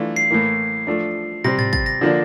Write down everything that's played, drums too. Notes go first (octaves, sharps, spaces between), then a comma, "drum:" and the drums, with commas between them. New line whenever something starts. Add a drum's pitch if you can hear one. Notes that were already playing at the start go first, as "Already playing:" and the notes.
Already playing: E3 A3 D4 F4
C7
A2 E3 A#3
F3 A3 D4
C3 G3 C4 A#6
A6, drum: tom G#2
A6, drum: kick
A#6
D3 F3 A#3 D4